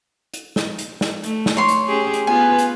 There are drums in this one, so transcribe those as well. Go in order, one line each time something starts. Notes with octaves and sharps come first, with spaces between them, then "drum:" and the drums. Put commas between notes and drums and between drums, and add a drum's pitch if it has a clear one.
drum: hi-hat
drum: snare
drum: hi-hat
drum: snare
A3, drum: hi-hat
drum: snare
C#5 C6
drum: hi-hat
C#4 G4 G#4
drum: hi-hat
B3 F4 B4 G#5
drum: hi-hat